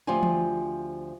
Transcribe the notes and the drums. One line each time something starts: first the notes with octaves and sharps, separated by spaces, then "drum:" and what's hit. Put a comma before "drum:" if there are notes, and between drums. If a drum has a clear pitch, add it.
D2 F3 F4 G4 G#5
drum: tom E3